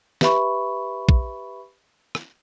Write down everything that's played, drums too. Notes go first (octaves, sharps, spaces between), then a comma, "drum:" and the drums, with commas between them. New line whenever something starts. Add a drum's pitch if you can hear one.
G4 B4 E5 B5 C#6, drum: snare
drum: kick A#1
drum: rim click